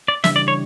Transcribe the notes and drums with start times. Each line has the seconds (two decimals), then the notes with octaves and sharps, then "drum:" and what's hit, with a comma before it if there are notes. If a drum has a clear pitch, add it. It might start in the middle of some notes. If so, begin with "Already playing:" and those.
0.08 D5
0.24 C#3 E3 G3 D4 E5, drum: snare
0.36 D5
0.48 C#5